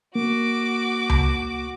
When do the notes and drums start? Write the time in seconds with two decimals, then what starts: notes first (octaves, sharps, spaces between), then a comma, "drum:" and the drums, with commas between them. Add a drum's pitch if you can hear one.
0.15 A#3 F#4 D6
1.10 drum: tom C#2